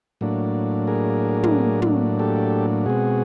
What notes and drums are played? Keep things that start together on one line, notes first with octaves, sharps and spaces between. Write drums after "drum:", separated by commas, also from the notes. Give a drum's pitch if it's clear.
A2 F#3 A#3 D4
G#4 A#4
drum: tom
drum: tom
G4 A4
B2 G#3 C4 F#4 G#4